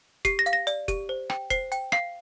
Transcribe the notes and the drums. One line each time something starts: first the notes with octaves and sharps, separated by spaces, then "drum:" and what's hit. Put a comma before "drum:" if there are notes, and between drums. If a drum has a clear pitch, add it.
G4 C7, drum: kick, hi-hat
A#6
F5, drum: hi-hat
A#6
D5, drum: hi-hat
G4, drum: kick, hi-hat
C5
G5, drum: rim click
C5 C7, drum: kick, hi-hat
G5, drum: hi-hat
F5 C7, drum: rim click